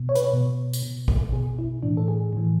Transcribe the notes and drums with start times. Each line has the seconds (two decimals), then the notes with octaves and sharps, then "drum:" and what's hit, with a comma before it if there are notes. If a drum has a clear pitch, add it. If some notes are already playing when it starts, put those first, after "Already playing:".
Already playing: B2
0.09 C#5
0.15 B4, drum: hi-hat
0.24 C#5
0.33 B2
0.73 drum: tambourine
0.83 B2
1.08 drum: kick A1
1.33 B2 G#4
1.59 E4
1.83 A2 E3 D4
1.97 A4
2.08 G#4
2.33 A2 E3